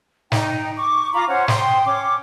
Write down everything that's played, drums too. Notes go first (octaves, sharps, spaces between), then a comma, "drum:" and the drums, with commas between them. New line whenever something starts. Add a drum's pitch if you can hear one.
D#4 G5, drum: snare
C#6 D6
F4 A#5 B5 D6
C#4 C5 F#5
G5 C6 D#6, drum: snare
C#4 D6